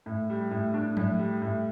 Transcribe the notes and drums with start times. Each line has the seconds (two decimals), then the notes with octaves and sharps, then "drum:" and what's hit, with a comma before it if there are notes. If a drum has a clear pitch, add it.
0.06 A2
0.30 G3
0.51 A2
0.74 D4
0.97 A2, drum: tom F3
1.19 G3
1.42 A2